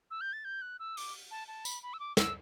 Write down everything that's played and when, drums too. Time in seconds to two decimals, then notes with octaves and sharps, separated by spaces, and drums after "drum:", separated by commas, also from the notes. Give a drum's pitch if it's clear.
0.11 E6
0.21 G6
0.33 A6
0.45 G6
0.62 F#6
0.80 E6
0.97 D6, drum: open hi-hat
1.31 A5
1.48 A5
1.65 B5, drum: tambourine
1.83 B5
1.94 E6
2.00 D6
2.17 E6, drum: snare